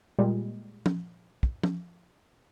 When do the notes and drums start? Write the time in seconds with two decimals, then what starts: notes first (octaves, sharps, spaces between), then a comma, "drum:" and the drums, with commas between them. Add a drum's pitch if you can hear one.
0.19 A#2 G3 G#3
0.86 drum: tom F3
1.43 drum: kick
1.63 drum: tom F3